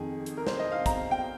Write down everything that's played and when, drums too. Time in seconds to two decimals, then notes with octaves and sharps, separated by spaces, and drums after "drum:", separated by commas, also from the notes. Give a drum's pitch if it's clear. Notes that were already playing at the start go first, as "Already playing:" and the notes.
Already playing: F2 D#3 G#4
0.26 drum: hi-hat
0.37 A#4
0.47 C5, drum: snare
0.59 D#5
0.72 F5
0.86 A#5, drum: kick, hi-hat
1.11 G5